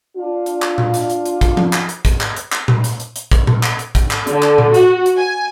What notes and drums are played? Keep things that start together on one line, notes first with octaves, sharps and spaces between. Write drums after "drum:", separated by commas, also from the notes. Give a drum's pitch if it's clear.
D4 F4
drum: hi-hat
drum: clap
drum: tom A#2
drum: hi-hat
drum: hi-hat
drum: hi-hat
drum: kick, hi-hat
drum: tom F3
drum: clap
drum: hi-hat
drum: kick, hi-hat
drum: clap
drum: hi-hat
drum: clap
drum: tom A#2
drum: hi-hat
drum: hi-hat
drum: hi-hat
drum: kick, hi-hat
drum: tom A#2
drum: clap
drum: hi-hat
drum: kick, hi-hat
drum: clap
D3, drum: hi-hat
drum: clap
drum: tom A#2
F#4, drum: hi-hat
drum: hi-hat
G#5